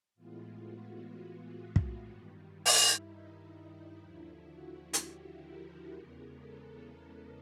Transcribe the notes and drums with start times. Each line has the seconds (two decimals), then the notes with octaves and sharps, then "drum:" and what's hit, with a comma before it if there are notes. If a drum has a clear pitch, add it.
0.15 A2 E3 G#3 B3 F4
0.64 F#4
1.76 drum: kick
2.07 G2 D#3 G3
2.54 E4
2.66 drum: open hi-hat
3.02 D#4
3.97 D#2 D3 F3 E4
4.46 F#4
4.93 G4, drum: hi-hat
5.40 A#4
5.89 E2 C#3 E3 G#3 B3
6.36 A4